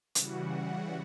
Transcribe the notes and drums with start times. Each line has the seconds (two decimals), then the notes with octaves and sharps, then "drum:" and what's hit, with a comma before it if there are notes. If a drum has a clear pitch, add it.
0.15 C#3 E3 G3 F#4 F#5, drum: hi-hat